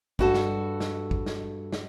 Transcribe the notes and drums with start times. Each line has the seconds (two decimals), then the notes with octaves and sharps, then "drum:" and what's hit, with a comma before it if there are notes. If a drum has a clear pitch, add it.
0.19 G2 F#4 A4, drum: kick G#1
0.34 drum: snare
0.80 drum: snare
1.11 drum: kick G#1
1.26 drum: snare
1.72 drum: snare